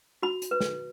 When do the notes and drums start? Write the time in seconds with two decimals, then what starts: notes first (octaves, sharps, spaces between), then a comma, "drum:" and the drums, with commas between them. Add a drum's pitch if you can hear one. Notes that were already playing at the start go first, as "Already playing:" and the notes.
0.23 F#4 B5
0.42 drum: hi-hat
0.51 B4
0.60 drum: snare